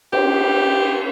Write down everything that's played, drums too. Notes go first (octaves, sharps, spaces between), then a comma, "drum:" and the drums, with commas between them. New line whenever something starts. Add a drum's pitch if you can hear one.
G4, drum: cymbal